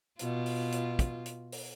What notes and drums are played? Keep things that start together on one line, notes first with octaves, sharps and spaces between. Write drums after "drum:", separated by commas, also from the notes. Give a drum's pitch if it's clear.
B2 F4, drum: hi-hat
drum: open hi-hat
drum: hi-hat
drum: kick, hi-hat
drum: hi-hat
drum: open hi-hat